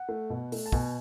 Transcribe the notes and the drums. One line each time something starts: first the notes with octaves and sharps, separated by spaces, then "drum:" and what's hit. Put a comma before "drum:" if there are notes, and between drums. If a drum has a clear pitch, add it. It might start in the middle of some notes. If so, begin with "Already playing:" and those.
Already playing: F#5
A3
B2
A3, drum: open hi-hat
A5
B2 G#5, drum: kick